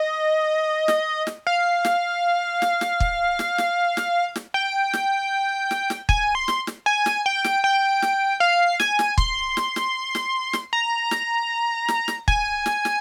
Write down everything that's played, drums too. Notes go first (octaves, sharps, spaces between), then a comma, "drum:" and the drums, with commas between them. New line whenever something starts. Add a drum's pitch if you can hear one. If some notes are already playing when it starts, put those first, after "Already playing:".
Already playing: D#5
drum: snare
drum: snare
F5
drum: snare
drum: snare
drum: snare
drum: kick
drum: snare
drum: snare
drum: snare
drum: snare
G5
drum: snare
drum: snare
drum: snare
G#5, drum: kick
C6
drum: snare
drum: snare
G#5
drum: snare
G5
drum: snare
G5
drum: snare
F5
G#5, drum: snare
drum: snare
C6, drum: kick
drum: snare
drum: snare
drum: snare
drum: snare
A#5
drum: snare
drum: snare
drum: snare
G#5, drum: kick
drum: snare
drum: snare